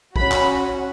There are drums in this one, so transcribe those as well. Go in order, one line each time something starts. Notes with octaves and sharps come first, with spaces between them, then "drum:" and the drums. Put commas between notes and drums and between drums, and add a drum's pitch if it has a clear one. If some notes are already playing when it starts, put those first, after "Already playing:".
C#4 F#4 B5, drum: kick
drum: clap